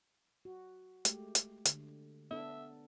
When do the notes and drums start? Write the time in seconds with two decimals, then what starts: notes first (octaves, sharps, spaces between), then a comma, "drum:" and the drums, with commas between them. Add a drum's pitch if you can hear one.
0.45 F#4
1.05 G#3 A3 G4, drum: hi-hat
1.35 drum: hi-hat
1.65 D3, drum: hi-hat
2.31 B3 D4 A4 E5